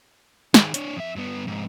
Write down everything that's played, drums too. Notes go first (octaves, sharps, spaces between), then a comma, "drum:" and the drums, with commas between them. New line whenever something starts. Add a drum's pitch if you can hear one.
D#3 G#4, drum: snare
D4 C#5, drum: hi-hat
F2 E5
G2 B3
F2 G#2